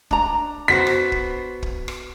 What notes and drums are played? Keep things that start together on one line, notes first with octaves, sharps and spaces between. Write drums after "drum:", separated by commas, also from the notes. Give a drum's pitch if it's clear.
D4 A#5, drum: kick
B3 F#4 C5 B6
drum: rim click
drum: kick
drum: kick
drum: rim click